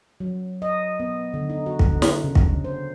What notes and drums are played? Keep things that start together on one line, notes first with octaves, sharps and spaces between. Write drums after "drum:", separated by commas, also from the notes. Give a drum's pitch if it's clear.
F#3
D#5
B3
D3
D#4
F#4
D3, drum: kick
drum: snare
C#3
drum: kick
C5